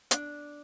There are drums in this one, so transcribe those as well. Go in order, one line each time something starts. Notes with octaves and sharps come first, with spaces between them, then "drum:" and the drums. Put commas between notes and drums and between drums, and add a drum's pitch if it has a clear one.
D4, drum: hi-hat